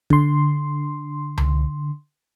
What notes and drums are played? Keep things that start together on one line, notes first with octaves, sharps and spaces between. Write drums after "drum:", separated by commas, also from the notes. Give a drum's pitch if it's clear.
D3 C6, drum: kick
drum: tom C#2